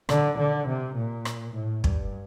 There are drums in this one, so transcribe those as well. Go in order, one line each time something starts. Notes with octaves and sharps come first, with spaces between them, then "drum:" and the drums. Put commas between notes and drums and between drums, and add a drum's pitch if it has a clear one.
D3, drum: rim click
D3
C3
A#2
drum: rim click
A2
G2, drum: kick